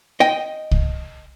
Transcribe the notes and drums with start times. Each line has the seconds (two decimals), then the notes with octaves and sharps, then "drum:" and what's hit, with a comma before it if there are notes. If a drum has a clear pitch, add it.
0.20 D#5 G5
0.71 drum: kick C2